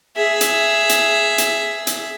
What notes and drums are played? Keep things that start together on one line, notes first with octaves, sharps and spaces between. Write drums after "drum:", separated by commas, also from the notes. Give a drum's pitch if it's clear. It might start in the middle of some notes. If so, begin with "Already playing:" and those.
G#4 E5
drum: hi-hat
drum: hi-hat
drum: hi-hat
drum: hi-hat